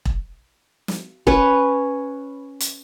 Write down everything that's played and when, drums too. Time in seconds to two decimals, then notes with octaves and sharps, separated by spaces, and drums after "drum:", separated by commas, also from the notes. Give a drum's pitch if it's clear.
0.05 drum: kick E1
0.88 drum: snare
1.27 C#4 B4 C#5, drum: kick E1
2.60 drum: hi-hat